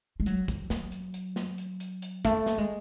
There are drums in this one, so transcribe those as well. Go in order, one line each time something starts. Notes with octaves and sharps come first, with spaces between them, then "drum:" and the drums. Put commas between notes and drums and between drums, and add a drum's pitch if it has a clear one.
G#3
F#3, drum: hi-hat
F#3, drum: kick, hi-hat
F#3, drum: snare
drum: hi-hat
drum: hi-hat
drum: snare
drum: hi-hat
drum: hi-hat
drum: hi-hat
A3, drum: kick, hi-hat
drum: snare
G#3